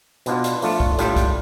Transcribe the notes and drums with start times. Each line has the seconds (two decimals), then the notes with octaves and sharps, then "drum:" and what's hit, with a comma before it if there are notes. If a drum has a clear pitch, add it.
0.26 B2 B3 D4 F4, drum: hi-hat
0.44 drum: hi-hat
0.62 F3 A3 D4 F4, drum: open hi-hat
0.80 drum: kick
0.98 A2 G3 D4 F4, drum: hi-hat
1.16 drum: kick, hi-hat